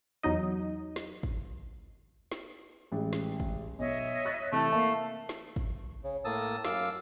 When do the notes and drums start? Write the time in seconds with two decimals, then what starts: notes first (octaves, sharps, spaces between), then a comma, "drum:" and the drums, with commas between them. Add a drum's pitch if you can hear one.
0.23 E2 F#3 D#4 D#5
0.96 drum: snare
1.23 drum: kick
2.32 drum: snare
2.92 A1 G#3
3.13 drum: snare
3.40 drum: kick
3.79 B1 C#5 D#5 E5
4.25 C#6 F#6 A6
4.52 C3 E3 A3 A5
4.72 A#3 E5 F5 A5
5.29 drum: snare
5.56 drum: kick
6.04 C#3
6.25 A2 A#3 A5 D#6 E6
6.65 F#2 F5 D6 E6, drum: snare